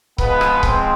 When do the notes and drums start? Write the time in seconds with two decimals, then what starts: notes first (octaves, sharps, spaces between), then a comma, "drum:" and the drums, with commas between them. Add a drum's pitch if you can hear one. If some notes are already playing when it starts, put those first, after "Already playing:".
0.18 G#2 F3 G#3 B3 B4, drum: kick C#1
0.41 drum: rim click
0.63 C4 C5, drum: kick C#1